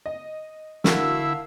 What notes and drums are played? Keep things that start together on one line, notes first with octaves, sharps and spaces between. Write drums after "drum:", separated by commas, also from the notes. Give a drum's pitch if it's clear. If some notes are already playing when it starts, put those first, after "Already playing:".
D#5
D3 A#3 E4 F#4 F5 A5 E6, drum: snare